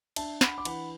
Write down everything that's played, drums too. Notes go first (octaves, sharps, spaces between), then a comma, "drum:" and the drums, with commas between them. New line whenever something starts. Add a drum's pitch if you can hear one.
D4 E5 A5, drum: cymbal
D4 F#5 B5, drum: snare
D6
E3 F#5 B5, drum: cymbal